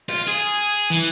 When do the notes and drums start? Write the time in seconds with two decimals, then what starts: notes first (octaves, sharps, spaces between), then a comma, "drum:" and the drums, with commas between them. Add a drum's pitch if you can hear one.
0.09 F4, drum: hi-hat
0.27 G#4
0.90 E3